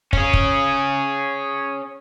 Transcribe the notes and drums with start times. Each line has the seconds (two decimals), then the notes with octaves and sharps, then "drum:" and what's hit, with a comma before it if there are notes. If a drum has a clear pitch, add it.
0.13 C#4 G#4, drum: kick
0.33 drum: kick